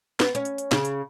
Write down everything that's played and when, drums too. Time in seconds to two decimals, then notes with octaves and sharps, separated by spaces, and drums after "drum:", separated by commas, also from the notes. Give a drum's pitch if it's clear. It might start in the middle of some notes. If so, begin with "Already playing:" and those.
0.20 B3, drum: snare
0.35 C#4, drum: hi-hat
0.45 drum: hi-hat
0.58 drum: hi-hat
0.72 C#3, drum: snare
0.85 drum: hi-hat